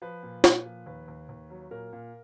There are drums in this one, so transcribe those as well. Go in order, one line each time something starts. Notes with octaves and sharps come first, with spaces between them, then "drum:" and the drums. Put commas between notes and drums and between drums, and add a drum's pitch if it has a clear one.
F3 B4
A#2
A#2, drum: snare
F3
D#2 B4
D#2
D#2
F#3
A#2 A#4
A#2